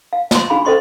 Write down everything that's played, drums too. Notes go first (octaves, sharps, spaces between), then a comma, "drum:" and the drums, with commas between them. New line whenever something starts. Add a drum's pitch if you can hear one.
F5
F4 C6, drum: snare
C#4 D4 F#4 G#4 F5 B5
C#4 A4 C5 D#5 C6 C#6